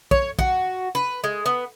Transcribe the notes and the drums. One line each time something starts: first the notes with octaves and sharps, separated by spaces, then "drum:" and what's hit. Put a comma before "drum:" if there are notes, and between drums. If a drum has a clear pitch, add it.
C#5, drum: kick
F#4, drum: kick
B4
G#3
B3